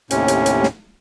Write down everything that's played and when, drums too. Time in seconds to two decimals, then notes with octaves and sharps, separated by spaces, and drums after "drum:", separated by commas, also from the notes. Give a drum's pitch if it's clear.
0.11 D#2 A2 C3 C#4, drum: hi-hat
0.28 drum: hi-hat
0.46 drum: hi-hat
0.63 drum: snare